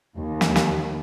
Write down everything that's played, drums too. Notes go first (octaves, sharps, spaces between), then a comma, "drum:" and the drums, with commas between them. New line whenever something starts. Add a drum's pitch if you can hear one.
D#2
drum: snare
drum: snare